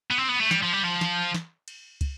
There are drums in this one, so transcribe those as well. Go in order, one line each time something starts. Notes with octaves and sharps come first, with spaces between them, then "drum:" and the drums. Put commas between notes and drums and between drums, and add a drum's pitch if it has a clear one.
B3
C4
B3
A3
G3, drum: snare
F3
G3
F3
drum: snare
drum: snare
drum: cymbal
drum: kick, cymbal